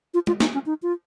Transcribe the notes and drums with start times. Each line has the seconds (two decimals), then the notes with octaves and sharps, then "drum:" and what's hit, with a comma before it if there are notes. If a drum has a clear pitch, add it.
0.14 F4
0.27 F4, drum: tom G#3
0.40 D#4, drum: snare
0.54 C#4
0.66 D#4
0.82 F4